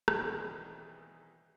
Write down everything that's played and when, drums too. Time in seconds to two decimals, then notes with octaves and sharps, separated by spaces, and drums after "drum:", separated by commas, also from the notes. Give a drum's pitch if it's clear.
0.08 B2 D#3 E3 G3 C4, drum: rim click